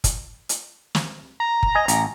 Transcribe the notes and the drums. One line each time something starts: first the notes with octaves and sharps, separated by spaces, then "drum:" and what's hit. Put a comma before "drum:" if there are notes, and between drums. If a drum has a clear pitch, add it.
drum: kick, hi-hat
drum: hi-hat
drum: snare
A#5
drum: kick
D#5 G#5
A1, drum: hi-hat